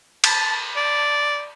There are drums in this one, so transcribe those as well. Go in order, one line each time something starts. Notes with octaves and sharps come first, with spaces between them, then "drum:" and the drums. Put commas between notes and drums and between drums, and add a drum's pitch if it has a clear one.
A5, drum: cymbal
D5